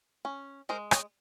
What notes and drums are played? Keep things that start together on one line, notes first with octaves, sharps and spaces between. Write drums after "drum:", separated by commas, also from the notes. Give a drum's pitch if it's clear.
C#4
G#3 A#4 C5
C#5 D#5, drum: rim click